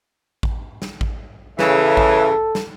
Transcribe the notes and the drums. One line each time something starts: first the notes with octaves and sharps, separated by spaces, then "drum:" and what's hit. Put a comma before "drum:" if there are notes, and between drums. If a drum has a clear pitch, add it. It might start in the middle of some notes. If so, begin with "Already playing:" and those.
drum: kick A1
drum: snare
drum: kick A1
C#3 E3 A4, drum: snare
drum: kick A1
drum: snare